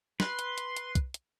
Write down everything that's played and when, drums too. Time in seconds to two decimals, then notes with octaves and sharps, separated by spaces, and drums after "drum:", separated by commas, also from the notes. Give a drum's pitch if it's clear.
0.20 B4 C6, drum: snare
0.39 drum: hi-hat
0.58 drum: hi-hat
0.76 drum: hi-hat
0.95 drum: kick, hi-hat
1.14 drum: hi-hat